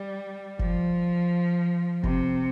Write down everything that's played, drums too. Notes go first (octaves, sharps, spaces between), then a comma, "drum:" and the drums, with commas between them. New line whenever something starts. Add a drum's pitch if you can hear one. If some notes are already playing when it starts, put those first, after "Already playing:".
Already playing: G3
F3, drum: kick F#1
C3, drum: kick F#1